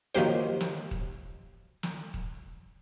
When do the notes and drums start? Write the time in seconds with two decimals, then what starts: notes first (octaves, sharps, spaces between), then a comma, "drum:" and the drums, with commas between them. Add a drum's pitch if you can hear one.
0.15 D#3 F3 F#3 A#3 G4 C5
0.60 drum: snare
0.91 drum: kick D#1
1.83 drum: snare
2.14 drum: kick D#1